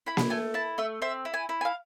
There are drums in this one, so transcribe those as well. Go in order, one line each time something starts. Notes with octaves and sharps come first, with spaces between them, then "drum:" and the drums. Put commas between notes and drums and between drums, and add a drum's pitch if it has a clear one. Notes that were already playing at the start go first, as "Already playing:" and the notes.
E4 B5
drum: snare A#3
A3 G#5
E4 A5
A3 E5
C4 E5
E4
G#5
E4
G#5
F5